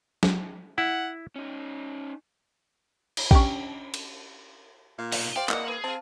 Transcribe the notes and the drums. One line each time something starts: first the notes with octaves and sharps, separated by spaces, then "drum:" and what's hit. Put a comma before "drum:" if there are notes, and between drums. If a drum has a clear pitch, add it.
drum: snare
E4 F#5
C#4 D#4
drum: cymbal
C#4 D4 G4, drum: kick A#1
drum: cymbal
A#2 F5
B2 D#4, drum: open hi-hat
G4 C5 D5 F5
A#3 B4 D5 D#5 F#5, drum: clap
G#4 B4
C4 F5 A5